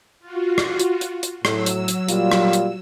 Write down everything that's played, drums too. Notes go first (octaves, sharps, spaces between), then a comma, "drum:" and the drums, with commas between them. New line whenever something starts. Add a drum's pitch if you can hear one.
F4 F#4
drum: rim click
drum: hi-hat
drum: hi-hat
drum: hi-hat
A2 F#3 E6, drum: rim click
drum: hi-hat
drum: hi-hat
A#2 G3 F4, drum: hi-hat
drum: rim click
drum: hi-hat